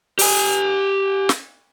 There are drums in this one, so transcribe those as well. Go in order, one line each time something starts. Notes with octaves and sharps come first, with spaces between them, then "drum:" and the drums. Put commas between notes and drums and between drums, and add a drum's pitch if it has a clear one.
G4 G#5, drum: open hi-hat
drum: snare